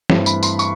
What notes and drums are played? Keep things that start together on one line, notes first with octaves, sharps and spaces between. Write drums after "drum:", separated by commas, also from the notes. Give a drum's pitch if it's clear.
G2 E3 A3 C4, drum: snare
B5, drum: tambourine
C6, drum: tambourine
C#6, drum: tambourine